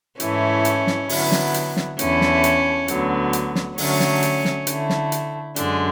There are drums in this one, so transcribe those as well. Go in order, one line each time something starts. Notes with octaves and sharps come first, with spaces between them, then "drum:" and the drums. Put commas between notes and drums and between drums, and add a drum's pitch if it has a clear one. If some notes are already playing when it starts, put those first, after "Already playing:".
G#2 E3 A3 C#4 E4, drum: hi-hat
drum: hi-hat
drum: snare
D3 F#3 B3 E4, drum: open hi-hat
drum: snare
drum: hi-hat
drum: snare
E2 D3 A3 C#4 E4, drum: hi-hat
drum: snare
drum: hi-hat
D2 D3 F#3 B3, drum: hi-hat
drum: hi-hat
drum: snare
D3 F#3 A3 C#4, drum: open hi-hat
drum: snare
drum: hi-hat
drum: snare
D3 A3 E4, drum: hi-hat
drum: snare
drum: hi-hat
F#2 D3 G#3 D4, drum: hi-hat